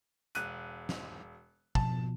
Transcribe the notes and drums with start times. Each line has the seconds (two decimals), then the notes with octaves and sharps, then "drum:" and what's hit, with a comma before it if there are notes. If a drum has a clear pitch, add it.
0.35 E1 F#6 D#7, drum: hi-hat
0.89 drum: snare
1.75 B2 F3 A5, drum: kick